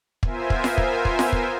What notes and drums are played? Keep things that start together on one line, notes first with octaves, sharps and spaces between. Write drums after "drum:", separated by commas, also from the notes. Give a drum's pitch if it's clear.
B3 F4 A#4 C5 E5 G#5, drum: kick
drum: kick
drum: snare F4
drum: kick
drum: kick
drum: snare F4
drum: kick